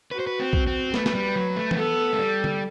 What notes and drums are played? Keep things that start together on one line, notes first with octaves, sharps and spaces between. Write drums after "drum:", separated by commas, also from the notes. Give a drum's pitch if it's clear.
F#4 B4
C5
B4
C4
drum: kick
C4
A3 B4, drum: snare
A3, drum: snare
G3
F#3
A3
C4, drum: tom E3
B3 A4
A3
G3
drum: tom